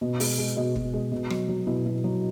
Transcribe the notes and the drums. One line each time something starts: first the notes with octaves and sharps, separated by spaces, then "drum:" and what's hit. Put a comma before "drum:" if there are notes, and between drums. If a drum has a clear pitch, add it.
B2
G#3, drum: open hi-hat
G#3
B2 D#5
B2, drum: kick
G#3
B2
F#3, drum: rim click
F#3
B2 E4
B2
F#3